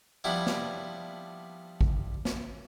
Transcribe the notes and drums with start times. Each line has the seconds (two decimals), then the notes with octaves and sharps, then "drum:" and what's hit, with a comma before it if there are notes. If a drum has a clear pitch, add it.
0.24 F3 G3 B3 D4 E4
0.47 drum: snare
1.81 drum: kick
2.25 drum: snare